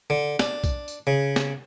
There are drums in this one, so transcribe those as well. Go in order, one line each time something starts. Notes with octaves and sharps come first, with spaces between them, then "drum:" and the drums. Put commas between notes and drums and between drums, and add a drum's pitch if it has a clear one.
D3
D4, drum: snare
drum: kick, tambourine
drum: tambourine
C#3
drum: snare